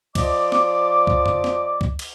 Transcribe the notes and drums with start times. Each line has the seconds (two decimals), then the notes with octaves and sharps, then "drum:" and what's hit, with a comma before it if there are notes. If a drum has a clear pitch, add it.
0.15 F3 D5 D#5 D6, drum: kick C#2, cymbal
0.52 drum: snare
1.07 drum: kick C#2
1.26 drum: tom F2
1.44 drum: snare
1.81 drum: kick C#2
1.99 drum: cymbal